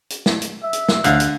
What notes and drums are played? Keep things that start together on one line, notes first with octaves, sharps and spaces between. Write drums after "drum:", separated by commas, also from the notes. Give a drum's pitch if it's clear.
drum: hi-hat
drum: snare
drum: hi-hat
E5
drum: hi-hat
drum: snare
D2 D3 F5 F#6, drum: hi-hat
drum: hi-hat